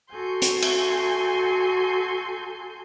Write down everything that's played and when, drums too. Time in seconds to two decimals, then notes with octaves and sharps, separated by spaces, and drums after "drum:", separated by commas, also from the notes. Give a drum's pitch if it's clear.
0.12 F#4 A4 G#5 C6 G6
0.42 drum: hi-hat
0.62 drum: cymbal